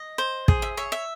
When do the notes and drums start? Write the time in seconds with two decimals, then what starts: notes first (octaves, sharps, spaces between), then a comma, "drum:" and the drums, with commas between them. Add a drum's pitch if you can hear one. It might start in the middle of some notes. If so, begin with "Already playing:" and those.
Already playing: D#5
0.18 C5
0.48 G#4, drum: kick
0.62 E5
0.77 C#5 E5
0.92 E5